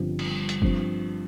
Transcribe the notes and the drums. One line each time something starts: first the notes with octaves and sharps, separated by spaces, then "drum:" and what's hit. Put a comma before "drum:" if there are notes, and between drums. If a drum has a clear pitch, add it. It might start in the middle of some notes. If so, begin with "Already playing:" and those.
Already playing: G1 G2 F3 C4
drum: cymbal
drum: hi-hat
G2 F3 C4, drum: kick G1